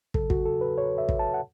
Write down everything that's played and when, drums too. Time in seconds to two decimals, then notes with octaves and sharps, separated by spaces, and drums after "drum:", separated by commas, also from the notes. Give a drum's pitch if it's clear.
0.14 E2 C#3 F#3 A4, drum: kick
0.30 F#4, drum: kick
0.45 A4
0.61 B4
0.78 C#5
0.98 E5
1.09 drum: kick
1.19 A5
1.34 F#5